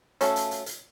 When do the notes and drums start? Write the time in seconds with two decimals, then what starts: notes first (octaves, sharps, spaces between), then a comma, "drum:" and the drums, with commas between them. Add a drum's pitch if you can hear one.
0.21 A3 C#4 F#4 A4 F5, drum: hi-hat
0.36 drum: hi-hat
0.51 drum: hi-hat
0.66 drum: hi-hat